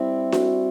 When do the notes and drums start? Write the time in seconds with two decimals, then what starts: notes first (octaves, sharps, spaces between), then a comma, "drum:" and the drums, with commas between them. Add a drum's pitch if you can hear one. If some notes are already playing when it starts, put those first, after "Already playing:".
Already playing: G3 C4 E4 E5
0.32 F#4, drum: snare D4